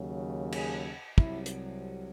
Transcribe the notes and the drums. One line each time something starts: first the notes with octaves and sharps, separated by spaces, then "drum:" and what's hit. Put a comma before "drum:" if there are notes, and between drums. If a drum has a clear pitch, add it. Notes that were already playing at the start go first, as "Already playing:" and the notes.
Already playing: D#2 C#3 F#3
G#4, drum: cymbal
C2 C3 F#3 E4, drum: kick
drum: hi-hat